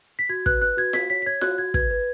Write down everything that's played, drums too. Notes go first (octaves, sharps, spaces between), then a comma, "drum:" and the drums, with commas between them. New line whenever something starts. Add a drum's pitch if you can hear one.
B6
F#4 G#6
B4 F#6, drum: kick
B4 F#6
F#4 G#6
F#4 B6, drum: snare F4
C#5 B6
B6
C#5 G#6
F#4 F#6, drum: snare F4
F#4 G#6
B4 G#6, drum: kick
B4